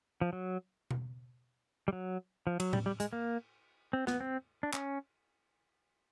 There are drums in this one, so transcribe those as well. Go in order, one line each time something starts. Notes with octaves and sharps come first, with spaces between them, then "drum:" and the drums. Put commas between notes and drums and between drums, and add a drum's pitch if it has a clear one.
F3
F#3
drum: tom B2
G3
F#3
F3
F#3, drum: cymbal
G3, drum: tom A2
G3
G#3, drum: hi-hat
A#3
C4
B3, drum: snare
C4
D4
C#4, drum: clap